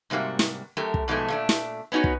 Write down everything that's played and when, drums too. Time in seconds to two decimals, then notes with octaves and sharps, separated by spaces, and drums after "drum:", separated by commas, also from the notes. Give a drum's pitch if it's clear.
0.10 G#2 C3 G3 A#3 F#4
0.39 drum: snare
0.77 F#2 A3 G4 A#4
0.94 drum: kick
1.08 G#2 B2 F3 G#3 A3
1.28 A#2 A3 D4
1.49 drum: snare
1.92 B3 C#4 D#4 F#4 C#5
2.04 drum: kick